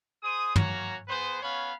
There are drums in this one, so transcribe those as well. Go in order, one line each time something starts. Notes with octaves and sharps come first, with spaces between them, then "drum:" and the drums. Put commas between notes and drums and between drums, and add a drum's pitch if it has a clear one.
G#4 C5 D#6
A#3 C#4 F#4 C#5 A#5, drum: tom
B3 G#4 B4 C5
B3 C#4 C#5 F5 B5